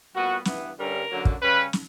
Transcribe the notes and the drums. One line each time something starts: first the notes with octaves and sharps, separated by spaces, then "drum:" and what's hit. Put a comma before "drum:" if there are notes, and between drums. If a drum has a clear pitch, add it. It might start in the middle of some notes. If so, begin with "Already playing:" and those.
A#2 G3 B3 F#4
G2 E3 B3, drum: snare
G2 D3 G3 C#4 A#4
F#2 D3 F#3 A#3
drum: kick
C#3 G3 C#4 B4
drum: snare